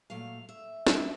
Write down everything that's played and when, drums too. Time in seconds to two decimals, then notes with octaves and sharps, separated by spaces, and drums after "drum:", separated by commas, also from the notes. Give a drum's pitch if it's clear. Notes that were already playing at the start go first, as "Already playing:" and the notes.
0.10 A#2 F#3 A3 F5
0.49 E5
0.87 A2 F#3 A3 E5, drum: snare